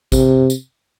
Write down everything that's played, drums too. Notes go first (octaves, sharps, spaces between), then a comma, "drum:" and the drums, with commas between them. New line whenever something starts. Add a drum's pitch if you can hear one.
C3, drum: kick, tambourine
drum: tambourine